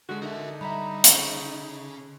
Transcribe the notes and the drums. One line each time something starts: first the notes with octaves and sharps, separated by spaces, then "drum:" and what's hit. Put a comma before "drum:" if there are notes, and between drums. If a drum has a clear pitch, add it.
D3 G#3 F#4
D3 D#4 A#4 E5
G3 E5 A#5 B5
C#4 G#4, drum: hi-hat